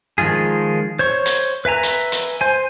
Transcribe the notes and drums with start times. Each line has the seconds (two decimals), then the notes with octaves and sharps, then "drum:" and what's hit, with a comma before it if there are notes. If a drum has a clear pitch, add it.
0.18 D#3 F3 G#3 F4 G#4
0.99 C5 C#5 C#6
1.26 drum: hi-hat
1.65 B4 E5 G#5 A#5
1.83 drum: hi-hat
2.12 drum: hi-hat
2.41 C5 G#5